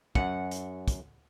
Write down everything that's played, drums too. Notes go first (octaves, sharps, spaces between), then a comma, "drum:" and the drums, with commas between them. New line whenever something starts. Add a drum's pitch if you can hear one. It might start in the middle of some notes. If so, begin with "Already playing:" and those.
F#2 F#5, drum: kick
drum: hi-hat
drum: kick, hi-hat